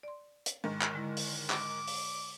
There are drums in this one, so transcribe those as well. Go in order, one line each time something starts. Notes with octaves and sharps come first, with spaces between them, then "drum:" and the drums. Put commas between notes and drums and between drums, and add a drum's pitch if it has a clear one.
D5 C6
drum: hi-hat
G#2 D#3
drum: clap
D3 G#3 E4
drum: open hi-hat
D6, drum: clap
drum: open hi-hat